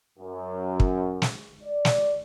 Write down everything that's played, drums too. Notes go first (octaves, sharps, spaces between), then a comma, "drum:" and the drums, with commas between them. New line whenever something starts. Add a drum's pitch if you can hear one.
F#2
drum: kick
drum: snare
D5
drum: snare